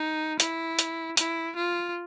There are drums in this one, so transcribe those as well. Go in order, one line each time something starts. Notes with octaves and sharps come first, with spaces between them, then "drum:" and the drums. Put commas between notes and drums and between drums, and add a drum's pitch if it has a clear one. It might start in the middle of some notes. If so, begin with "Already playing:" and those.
Already playing: D#4
E4, drum: hi-hat
drum: hi-hat
E4, drum: hi-hat
F4